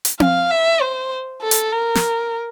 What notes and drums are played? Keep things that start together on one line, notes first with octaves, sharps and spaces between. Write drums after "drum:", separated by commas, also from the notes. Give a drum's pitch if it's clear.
drum: hi-hat
F5, drum: tom C4
E5
C5
A4
drum: hi-hat
A#4
drum: snare